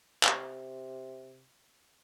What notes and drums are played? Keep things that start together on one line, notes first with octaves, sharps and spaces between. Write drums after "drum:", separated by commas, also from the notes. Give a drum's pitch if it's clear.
C3, drum: clap